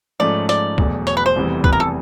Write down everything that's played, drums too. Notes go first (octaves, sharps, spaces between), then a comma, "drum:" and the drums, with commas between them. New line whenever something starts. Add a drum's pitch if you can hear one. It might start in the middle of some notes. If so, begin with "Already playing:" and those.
G#2 F3 A3 C#4 D5
D5, drum: hi-hat
E1 E2 B2 F#3 A3, drum: kick
C#5, drum: hi-hat
B4
C5
F1 E2 C3 E3 G3
B4, drum: kick
A#4
A4